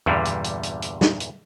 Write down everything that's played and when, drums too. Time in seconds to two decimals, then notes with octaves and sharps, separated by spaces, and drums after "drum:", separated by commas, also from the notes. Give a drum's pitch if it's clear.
0.06 E2 G2 A#2 D3 G3, drum: tom E2
0.25 drum: hi-hat
0.44 drum: hi-hat
0.63 drum: hi-hat
0.82 drum: hi-hat
1.01 drum: snare
1.20 drum: hi-hat